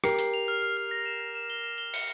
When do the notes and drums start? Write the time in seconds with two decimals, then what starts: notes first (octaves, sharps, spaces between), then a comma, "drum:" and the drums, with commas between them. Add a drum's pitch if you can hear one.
0.04 G4 A#4 C7, drum: rim click
0.19 C7, drum: hi-hat
0.34 F7
0.48 F6
0.62 F6
0.77 F6
0.91 A#6
1.06 E7
1.20 A#6
1.35 E7
1.50 G7
1.64 E7
1.78 G7
1.94 C#7, drum: cymbal